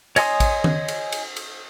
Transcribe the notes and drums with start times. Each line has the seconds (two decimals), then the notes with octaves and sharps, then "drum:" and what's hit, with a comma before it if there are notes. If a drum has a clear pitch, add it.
0.16 C#5 D#5 G#5 C6 D#6, drum: cymbal
0.40 drum: kick, cymbal
0.64 drum: tom D#3
0.88 drum: cymbal
1.12 drum: cymbal
1.36 drum: cymbal